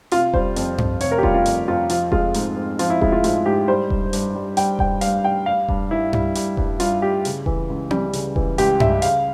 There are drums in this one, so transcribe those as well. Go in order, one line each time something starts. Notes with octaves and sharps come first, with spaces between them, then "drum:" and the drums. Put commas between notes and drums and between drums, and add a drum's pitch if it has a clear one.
C3 F4, drum: hi-hat
G3 C5, drum: kick E1
F2, drum: hi-hat
F2, drum: tom G2
C3 C#5, drum: hi-hat
A#4
G4
G3 F4, drum: kick E1
F4
F2, drum: hi-hat
F2 F4
F3 F4, drum: hi-hat
G#3 F4, drum: kick E1
G#2, drum: hi-hat
G#2
F3 F4, drum: hi-hat
E4
G#3 E4, drum: kick E1
F4
G#2 F4, drum: hi-hat
G#2 G4
G3 C5
G2, drum: kick E1
G2, drum: hi-hat
G3
G3 G5, drum: hi-hat
G2 G5, drum: kick E1
G2 F5, drum: hi-hat
G3 G5
G3 F5
G2, drum: kick E1
G2 E4
G3, drum: tom G2
G3, drum: hi-hat
G2, drum: kick E1
G2 F4, drum: hi-hat
G3 G4
C#3, drum: hi-hat
E3, drum: kick E1
C#2
G3, drum: tom C4
C#3, drum: hi-hat
E3, drum: kick E1
C#2 G4, drum: hi-hat
G3 E5, drum: tom G2
C#3 F5, drum: hi-hat